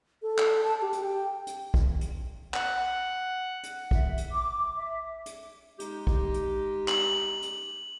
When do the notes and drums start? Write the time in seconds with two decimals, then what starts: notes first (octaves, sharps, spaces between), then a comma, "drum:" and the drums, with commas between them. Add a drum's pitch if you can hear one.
0.22 A4
0.38 drum: clap
0.64 A5
0.82 G4
0.93 drum: hi-hat
1.03 G5
1.47 drum: hi-hat
1.74 drum: kick A#1
2.01 drum: hi-hat
2.54 F#5, drum: clap
3.63 drum: hi-hat
3.91 E5, drum: kick A#1
4.17 drum: hi-hat
4.30 D6
4.75 E5
5.26 drum: hi-hat
5.80 G#3 D#4 G4, drum: hi-hat
6.07 drum: kick A#1
6.34 drum: hi-hat
6.88 F#7, drum: clap
7.42 drum: hi-hat